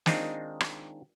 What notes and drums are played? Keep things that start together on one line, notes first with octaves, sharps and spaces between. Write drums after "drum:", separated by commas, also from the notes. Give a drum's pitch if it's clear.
D#3 G#3 C4 D4 D#4 F4, drum: snare
drum: rim click